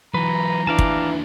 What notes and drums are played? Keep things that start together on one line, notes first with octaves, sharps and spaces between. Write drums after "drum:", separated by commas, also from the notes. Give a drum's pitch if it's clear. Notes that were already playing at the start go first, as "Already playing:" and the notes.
E3 F#3 B4 A#5
D#2 E3 D4 D5 F5 A5
drum: kick